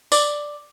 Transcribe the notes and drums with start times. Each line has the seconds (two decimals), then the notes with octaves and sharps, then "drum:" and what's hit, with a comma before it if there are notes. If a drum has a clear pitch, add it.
0.12 D5, drum: tambourine